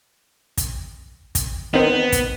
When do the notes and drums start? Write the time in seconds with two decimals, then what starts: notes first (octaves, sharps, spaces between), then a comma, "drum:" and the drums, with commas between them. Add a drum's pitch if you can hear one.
0.58 drum: kick, hi-hat
1.35 drum: kick, hi-hat
1.74 D#3 B3 C4
2.12 drum: kick, hi-hat